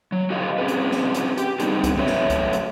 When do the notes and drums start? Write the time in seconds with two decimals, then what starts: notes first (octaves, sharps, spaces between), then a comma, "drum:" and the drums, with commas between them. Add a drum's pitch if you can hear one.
0.12 F#3
0.30 F#4 G4 A4 C5 D#5 F5
0.58 C4 C#4 G#4 B4
0.68 drum: hi-hat
0.91 drum: snare
1.15 drum: hi-hat
1.38 G4, drum: hi-hat
1.60 G3 B3 C4 D4 D#4 G#4, drum: hi-hat
1.84 drum: kick C2, hi-hat
1.97 F#3 A3 B4 C#5 E5
2.07 drum: snare
2.30 drum: kick C2, hi-hat
2.53 drum: hi-hat